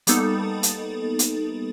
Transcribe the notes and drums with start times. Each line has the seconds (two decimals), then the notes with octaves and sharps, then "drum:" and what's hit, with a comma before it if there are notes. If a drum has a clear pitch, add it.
0.07 G3 A#3 B3 D#4 A4, drum: hi-hat
0.63 drum: hi-hat
1.19 drum: hi-hat